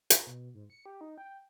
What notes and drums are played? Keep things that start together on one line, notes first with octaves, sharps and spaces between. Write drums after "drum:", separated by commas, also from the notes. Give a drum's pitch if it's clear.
A#5, drum: hi-hat
B2
G#2
C#7
G4
D#4
G5